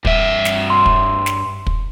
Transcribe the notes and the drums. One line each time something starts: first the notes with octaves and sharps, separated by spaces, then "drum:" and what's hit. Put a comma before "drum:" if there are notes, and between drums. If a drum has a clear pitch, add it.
G2 E5, drum: kick
drum: snare
C6
drum: kick
drum: snare
drum: kick